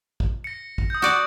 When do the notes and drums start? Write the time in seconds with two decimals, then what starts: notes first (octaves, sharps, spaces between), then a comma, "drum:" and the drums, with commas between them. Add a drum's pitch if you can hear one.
0.20 drum: kick
0.44 A#6 C#7
0.78 drum: kick
0.90 D#6 G6
1.02 F#4 D5